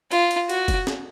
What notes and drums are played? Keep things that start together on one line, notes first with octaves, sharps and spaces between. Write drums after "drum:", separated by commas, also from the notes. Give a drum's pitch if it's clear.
F4, drum: cymbal
drum: cymbal
F#4, drum: cymbal
drum: kick F1, cymbal
drum: snare